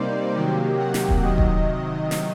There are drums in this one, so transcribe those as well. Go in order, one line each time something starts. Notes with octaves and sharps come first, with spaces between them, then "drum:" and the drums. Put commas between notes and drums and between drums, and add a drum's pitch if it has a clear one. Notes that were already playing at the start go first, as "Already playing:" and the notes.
Already playing: C3 G3 A#3 D#4 C5 D5
C3 D#3 F#3 A#3 G4
F#5
drum: snare
drum: kick D#1
C3 D#3 F#3 D#5
drum: kick D#1
drum: snare